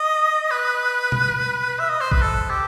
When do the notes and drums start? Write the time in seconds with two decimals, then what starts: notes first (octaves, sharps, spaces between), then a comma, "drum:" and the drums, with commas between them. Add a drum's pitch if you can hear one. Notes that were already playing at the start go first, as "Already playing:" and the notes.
Already playing: D#5
0.51 B4
1.12 drum: tom B2
1.80 E5
1.90 D#5
2.01 C5
2.12 B4, drum: kick
2.22 A4
2.50 G4